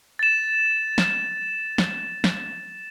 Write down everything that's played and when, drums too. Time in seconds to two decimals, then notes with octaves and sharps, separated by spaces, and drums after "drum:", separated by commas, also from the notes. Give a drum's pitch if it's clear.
0.19 A6 E7
0.98 drum: snare
1.78 drum: snare
2.24 drum: snare